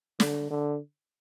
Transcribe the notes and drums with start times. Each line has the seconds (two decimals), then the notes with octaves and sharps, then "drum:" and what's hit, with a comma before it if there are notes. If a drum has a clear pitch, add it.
0.20 D3, drum: snare
0.50 D3